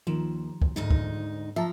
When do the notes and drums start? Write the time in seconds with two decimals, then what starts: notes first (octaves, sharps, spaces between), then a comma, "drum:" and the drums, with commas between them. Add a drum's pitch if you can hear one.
0.07 D#2 D#3 F3
0.62 drum: kick
0.76 D2 G#2 D#4
0.91 drum: kick
1.56 F3 E5 A5 A#5